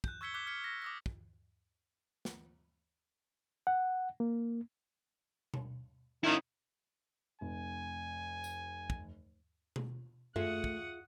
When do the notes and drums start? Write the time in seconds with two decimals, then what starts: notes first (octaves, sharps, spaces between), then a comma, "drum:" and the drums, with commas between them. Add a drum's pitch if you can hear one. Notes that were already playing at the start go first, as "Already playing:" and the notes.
0.04 F#6 G6, drum: kick
0.21 C#6 E6 G#6 B6 C#7 G7
0.34 D6 F#6 G6 B6 G7
0.46 F6 G#6 B6 C#7 G7
0.64 A#6
0.82 D6 D#6 A#6
1.06 drum: kick
2.25 drum: snare
3.67 F#5
4.20 A#3
5.54 drum: tom B2
6.24 D#3 C#4 E4
7.41 F1 G#5
8.44 drum: tambourine
8.90 drum: kick
9.76 drum: tom B2
10.36 A3 F4 G#4 E5 F#5 C#6 D#6, drum: tom F#2
10.64 drum: kick